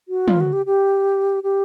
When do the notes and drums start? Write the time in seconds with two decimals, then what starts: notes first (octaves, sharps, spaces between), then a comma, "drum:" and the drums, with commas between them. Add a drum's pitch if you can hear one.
0.08 F#4
0.28 F4, drum: tom
0.40 F#4
0.53 G4
0.66 G4
1.43 G4